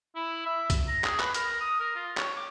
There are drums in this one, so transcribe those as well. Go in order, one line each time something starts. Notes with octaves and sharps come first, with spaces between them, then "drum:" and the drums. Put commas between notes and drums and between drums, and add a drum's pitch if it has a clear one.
E4
E5
drum: kick, hi-hat
A#5
G#4, drum: clap
B4, drum: clap
A#4, drum: hi-hat
D#6
A#4
F4
C#5, drum: clap
D6